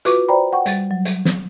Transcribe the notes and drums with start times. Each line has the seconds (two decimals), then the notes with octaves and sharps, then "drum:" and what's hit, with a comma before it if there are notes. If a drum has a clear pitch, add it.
0.05 F4 F#4 B4 C#6 D6, drum: hi-hat
0.28 C5 D5 G5 A#5 B5
0.53 F#5 G5 C#6
0.66 G3 A6, drum: hi-hat
0.91 F#3
1.05 drum: hi-hat
1.25 drum: snare